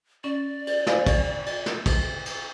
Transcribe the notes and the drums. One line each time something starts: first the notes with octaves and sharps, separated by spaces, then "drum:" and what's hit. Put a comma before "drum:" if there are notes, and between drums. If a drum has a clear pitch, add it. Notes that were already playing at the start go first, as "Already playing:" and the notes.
C#4 D5
drum: cymbal
C5 F5 G#5, drum: snare
drum: kick, cymbal
drum: cymbal
drum: snare
drum: kick, cymbal
drum: cymbal